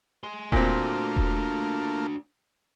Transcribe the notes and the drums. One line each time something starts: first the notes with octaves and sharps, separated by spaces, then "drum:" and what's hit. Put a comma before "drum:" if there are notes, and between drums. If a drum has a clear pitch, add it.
G#4 C6
A#2 A3 A#3 C4 D4 F4 F#4, drum: kick E1
drum: kick E1